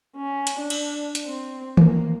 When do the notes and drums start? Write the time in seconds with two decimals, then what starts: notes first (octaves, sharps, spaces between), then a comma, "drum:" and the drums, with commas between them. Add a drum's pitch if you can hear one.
0.17 C#4
0.47 drum: hi-hat
0.59 D4
0.70 drum: cymbal
1.15 drum: hi-hat
1.25 C4
1.77 A#3, drum: tom D#3